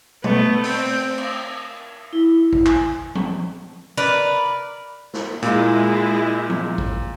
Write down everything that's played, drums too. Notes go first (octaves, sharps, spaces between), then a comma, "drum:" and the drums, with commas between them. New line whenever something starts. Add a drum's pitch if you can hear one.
A3 B3, drum: tom
C4, drum: open hi-hat
drum: cymbal
E4
drum: kick G#1
G#5, drum: clap
drum: tom F3
A#4 B4 D5
drum: snare
A#2 G#3 E4, drum: hi-hat
drum: tom F3
drum: kick G#1